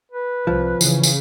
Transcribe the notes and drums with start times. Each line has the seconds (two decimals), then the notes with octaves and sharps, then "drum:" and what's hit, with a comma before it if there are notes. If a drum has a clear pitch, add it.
0.12 B4
0.47 C2 F3
0.81 C#3 E3, drum: tambourine
1.03 drum: tambourine